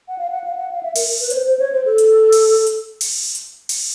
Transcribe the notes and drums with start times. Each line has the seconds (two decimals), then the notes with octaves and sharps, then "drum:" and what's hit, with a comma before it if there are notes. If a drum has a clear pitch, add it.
0.08 F#5
0.18 F5
0.31 F#5
0.44 F5
0.57 F#5
0.71 F5
0.83 E5
0.95 A#4, drum: open hi-hat
1.21 B4
1.30 C#5, drum: hi-hat
1.34 C5
1.47 C5
1.59 C#5
1.72 C5
1.86 A4
1.98 drum: hi-hat
2.32 drum: open hi-hat
2.66 drum: hi-hat
3.01 drum: open hi-hat
3.35 drum: hi-hat
3.69 drum: open hi-hat